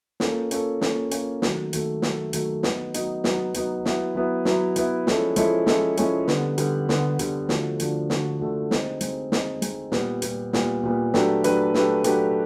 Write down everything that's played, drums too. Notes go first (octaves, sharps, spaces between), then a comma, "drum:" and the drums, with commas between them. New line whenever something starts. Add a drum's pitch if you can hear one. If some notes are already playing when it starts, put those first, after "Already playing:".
A#3 C#4 F4 A4, drum: snare
A#3 C#4 F4 A4, drum: hi-hat
A#3 C#4 F4 A4, drum: snare
A#3 C#4 F4 A4, drum: hi-hat
D#3 F#3 A3, drum: snare
D#3 F#3 A3, drum: hi-hat
D#3 F#3 A3, drum: snare
D#3 F#3 A3, drum: hi-hat
F#3 B3 D#4, drum: snare
F#3 B3 D#4, drum: hi-hat
F#3 B3 D#4, drum: snare
F#3 B3 D#4, drum: hi-hat
F#3 B3 E4, drum: snare
F#3 B3 E4
F#3 B3 E4, drum: snare
F#3 B3 E4, drum: hi-hat
F3 G#3 C#4 E4 A4, drum: snare
F3 G#3 C#4 E4 A4, drum: hi-hat
F3 G#3 C#4 E4 A4, drum: snare
F3 G#3 C#4 E4 A4, drum: hi-hat
D3 G3 B3, drum: snare
D3 G3 B3, drum: hi-hat
D3 G3 B3, drum: snare
D3 G3 B3, drum: hi-hat
D3 F3 A3 D4 F#4, drum: snare
D3 F3 A3 D4 F#4, drum: hi-hat
D3 F3 A3 D4 F#4, drum: snare
D3 F3 A3 D4 F#4
G#3 C4 D#4, drum: snare
G#3 C4 D#4, drum: hi-hat
G#3 C4 D#4, drum: snare
G#3 C4 D#4, drum: hi-hat
A#2 G3 B3, drum: snare
A#2 G3 B3, drum: hi-hat
A#2 G3 B3, drum: snare
A#2 G3 B3
F#3 A3 D4 G4 B4, drum: snare
F#3 A3 D4 G4 B4, drum: hi-hat
F#3 A3 D4 G4 B4, drum: snare
F#3 A3 D4 G4 B4, drum: hi-hat